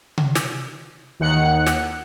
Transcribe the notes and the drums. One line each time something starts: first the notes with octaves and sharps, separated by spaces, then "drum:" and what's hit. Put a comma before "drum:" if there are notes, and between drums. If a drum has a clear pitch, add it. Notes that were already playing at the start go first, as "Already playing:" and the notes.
drum: tom C3
drum: snare
D#2 D#3 F#5 F#6 C#7
drum: snare